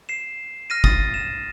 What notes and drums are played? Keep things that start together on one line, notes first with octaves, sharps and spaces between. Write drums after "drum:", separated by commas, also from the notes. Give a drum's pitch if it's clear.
C7 E7
F6 A#6 D#7
D#6 A6 D#7, drum: kick
E7